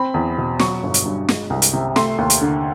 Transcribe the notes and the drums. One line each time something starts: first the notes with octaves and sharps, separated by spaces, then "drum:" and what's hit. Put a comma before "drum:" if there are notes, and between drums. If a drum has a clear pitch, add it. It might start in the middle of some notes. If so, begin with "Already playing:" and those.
Already playing: C4 B5
E2
B2
F#3 C#6, drum: snare
G1
drum: hi-hat
G2
G#3, drum: snare
C2
drum: hi-hat
C3
A3 C6, drum: snare
D#2
drum: hi-hat
D3